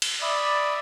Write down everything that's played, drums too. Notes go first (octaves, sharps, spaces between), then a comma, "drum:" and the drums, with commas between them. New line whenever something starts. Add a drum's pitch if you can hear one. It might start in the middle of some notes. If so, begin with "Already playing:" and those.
drum: cymbal
D5 E5 B5 D#6